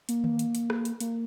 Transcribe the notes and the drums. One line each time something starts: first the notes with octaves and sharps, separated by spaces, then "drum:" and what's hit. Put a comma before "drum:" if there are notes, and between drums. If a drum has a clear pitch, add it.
A#3, drum: hi-hat
drum: tom D#3
drum: hi-hat
drum: hi-hat
drum: rim click
drum: hi-hat
A#3, drum: hi-hat